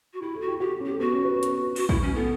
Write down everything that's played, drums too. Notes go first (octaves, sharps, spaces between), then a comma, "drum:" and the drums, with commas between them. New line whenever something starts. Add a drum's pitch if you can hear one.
F#4
E4 G4
A4
F#4
G4
F#4 G4
C#4
G4
A3
B3 F#4
C#4
B4
drum: hi-hat
F#4, drum: cymbal
E4, drum: kick A#1
C#4
B3 A4